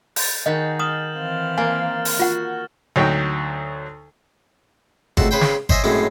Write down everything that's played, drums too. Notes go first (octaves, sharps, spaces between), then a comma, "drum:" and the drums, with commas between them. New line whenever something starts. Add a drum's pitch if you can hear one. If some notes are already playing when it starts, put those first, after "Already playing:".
G6 A6, drum: open hi-hat
D#3 F#4 G#4 D#5 B5
D#6 F6 E7 F#7
E3 C4 F5
A#3 G#5 F6 A6
drum: open hi-hat
F4 F#4 F#5
D2 F#3 D#4 G5
C#2 A3 C4 F#4 A5, drum: kick G1
C#3 B4 C5 G5
drum: snare
C5 C#5 D#5 E5 G#5, drum: kick G1
F#2 A2 G#3 A3 C4 C#4